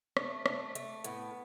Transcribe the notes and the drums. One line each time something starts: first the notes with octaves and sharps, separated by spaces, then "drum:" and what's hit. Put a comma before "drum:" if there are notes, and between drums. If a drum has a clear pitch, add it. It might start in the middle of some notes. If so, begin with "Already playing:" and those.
A3, drum: rim click
A3, drum: rim click
A3, drum: hi-hat
A2 B3, drum: hi-hat